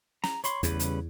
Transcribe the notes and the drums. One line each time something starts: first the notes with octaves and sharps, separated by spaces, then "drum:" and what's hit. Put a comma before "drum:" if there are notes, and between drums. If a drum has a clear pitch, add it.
A#5, drum: snare
C#5 B5 C6, drum: hi-hat
E2 C#3 G3 B4, drum: kick, hi-hat
drum: hi-hat